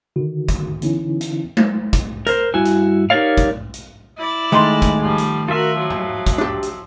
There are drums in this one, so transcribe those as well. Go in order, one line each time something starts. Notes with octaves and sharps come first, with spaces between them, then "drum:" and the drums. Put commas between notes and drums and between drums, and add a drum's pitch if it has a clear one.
D3 D#3 F#4
drum: kick, hi-hat
D3 E3 B3 C#4 D#4 E4, drum: hi-hat
drum: hi-hat
drum: tom G#3
drum: kick, hi-hat
A#4 C5, drum: hi-hat
G2 E4 F#4 G#5
drum: hi-hat
D#4 G4 A#4 C#5 D5 F5
drum: kick, hi-hat
drum: hi-hat
E4 D5
D#3 G#3 A3 C6
drum: kick, hi-hat
F3 G3
drum: hi-hat
F4 F#4 A#4 E5
F3 F#3
drum: tom G2
drum: kick, hi-hat
D4 G4
drum: hi-hat